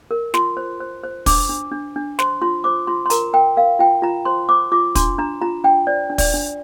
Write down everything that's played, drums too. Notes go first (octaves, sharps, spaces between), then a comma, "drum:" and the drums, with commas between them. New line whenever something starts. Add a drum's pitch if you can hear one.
A#4
F4 C6, drum: snare
C5
C5
C5
D4 D6, drum: kick, open hi-hat
D4
D4
D4
C5 C6, drum: snare
F4 C6
C5 D6
F4 C6
C6
A#4 A#5, drum: hi-hat
A#4 G5
A#4 F5
F4 G5
F4 A#5
C5 C6
C5 D6
F4 D6
D4 C6, drum: kick, hi-hat
D4 A#5
F4 A#5
D4 G5
C5 D5
D4
D5, drum: kick, open hi-hat
D4